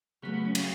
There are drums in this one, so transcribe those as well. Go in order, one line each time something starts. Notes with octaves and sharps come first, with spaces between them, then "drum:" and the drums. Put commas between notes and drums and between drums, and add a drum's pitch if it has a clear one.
C#3 F#3 A3 B3
B3
C#4
C#4, drum: cymbal